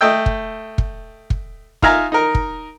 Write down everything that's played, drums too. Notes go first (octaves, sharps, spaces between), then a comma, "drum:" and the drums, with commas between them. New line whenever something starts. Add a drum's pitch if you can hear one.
A3 D#5 G5 E6
drum: kick
drum: kick
drum: kick
D#4 F4 E5 F5 G#5 A#5, drum: kick
D#4 A#4
drum: kick